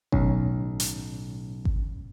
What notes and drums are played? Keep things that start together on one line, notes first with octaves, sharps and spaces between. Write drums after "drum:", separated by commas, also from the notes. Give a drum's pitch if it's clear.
B1 A2 D#3 C#4, drum: kick G#1
drum: hi-hat
drum: kick G#1